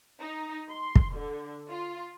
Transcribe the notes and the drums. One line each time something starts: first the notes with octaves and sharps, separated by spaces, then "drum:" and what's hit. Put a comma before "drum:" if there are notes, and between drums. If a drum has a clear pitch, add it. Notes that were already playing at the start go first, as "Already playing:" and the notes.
D#4
C6
drum: kick
D3
F4